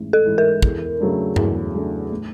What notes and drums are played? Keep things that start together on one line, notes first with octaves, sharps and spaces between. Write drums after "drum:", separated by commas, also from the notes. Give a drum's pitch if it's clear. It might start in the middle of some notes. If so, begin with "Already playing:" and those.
Already playing: A1 G#2 E3
A4
G#2 E3
A#4
E2, drum: kick
C#3 F#3 A3 D4
E2, drum: tom G2
C#3 F#3 A3 D4
A2